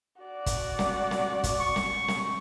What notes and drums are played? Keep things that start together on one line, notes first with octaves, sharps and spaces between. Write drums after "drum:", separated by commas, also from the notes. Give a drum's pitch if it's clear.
F#4 D5
drum: kick, hi-hat
drum: snare
drum: snare
drum: kick, hi-hat
C#6
drum: snare
drum: snare